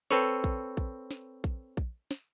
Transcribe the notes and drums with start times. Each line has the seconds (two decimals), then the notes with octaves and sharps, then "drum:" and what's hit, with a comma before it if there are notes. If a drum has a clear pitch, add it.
0.11 C4 A4 B4 C#5, drum: snare
0.44 drum: kick A#1
0.77 drum: kick A#1
1.11 drum: snare
1.44 drum: kick A#1
1.77 drum: kick A#1
2.11 drum: snare